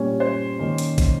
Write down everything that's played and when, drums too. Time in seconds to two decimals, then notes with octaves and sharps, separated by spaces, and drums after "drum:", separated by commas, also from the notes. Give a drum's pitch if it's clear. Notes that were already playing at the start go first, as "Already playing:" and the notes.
Already playing: A#2 G3 C#4 C#5
0.20 C5
0.59 D#3 A#3 C#4
0.78 drum: hi-hat
0.98 drum: kick, hi-hat